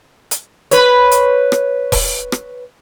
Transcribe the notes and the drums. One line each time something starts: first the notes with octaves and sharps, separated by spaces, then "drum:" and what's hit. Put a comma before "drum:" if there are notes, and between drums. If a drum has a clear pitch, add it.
drum: hi-hat
B4 C#5, drum: hi-hat
drum: hi-hat
drum: rim click
drum: kick E1, open hi-hat
drum: rim click